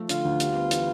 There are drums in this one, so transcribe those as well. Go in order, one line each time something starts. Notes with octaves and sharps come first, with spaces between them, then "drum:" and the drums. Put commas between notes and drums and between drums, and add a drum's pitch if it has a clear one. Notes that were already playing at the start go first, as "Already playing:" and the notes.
Already playing: F3 A3
D3 F4, drum: hi-hat
D2
G3, drum: hi-hat
B3
E3, drum: hi-hat